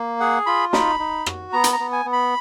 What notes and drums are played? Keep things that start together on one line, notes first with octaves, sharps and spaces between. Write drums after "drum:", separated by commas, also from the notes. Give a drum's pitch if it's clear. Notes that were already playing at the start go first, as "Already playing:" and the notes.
Already playing: A#3
G#4 F#5
F4 B5
D#4 B5, drum: snare
D#4
F#4, drum: rim click
B3 A#5
drum: hi-hat
A#5
B3
G#5
B3
B5